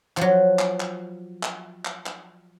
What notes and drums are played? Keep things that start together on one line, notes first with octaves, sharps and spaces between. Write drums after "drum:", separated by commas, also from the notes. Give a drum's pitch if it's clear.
F3 F#3, drum: clap
drum: clap
drum: clap
drum: clap
drum: clap
drum: clap